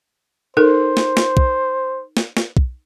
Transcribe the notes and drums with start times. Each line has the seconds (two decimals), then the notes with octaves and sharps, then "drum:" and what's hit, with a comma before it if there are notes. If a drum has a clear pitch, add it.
0.57 D#4 A4 A#4 C5
0.97 drum: snare
1.17 drum: snare
1.37 drum: kick
2.17 drum: snare
2.37 drum: snare
2.57 drum: kick